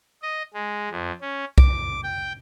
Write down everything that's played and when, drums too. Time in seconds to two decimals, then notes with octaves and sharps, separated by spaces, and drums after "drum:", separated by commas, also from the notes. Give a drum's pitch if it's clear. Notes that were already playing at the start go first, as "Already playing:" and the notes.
0.22 D#5
0.54 G#3
0.91 F2
1.21 C#4
1.58 D6, drum: kick C2
2.04 G5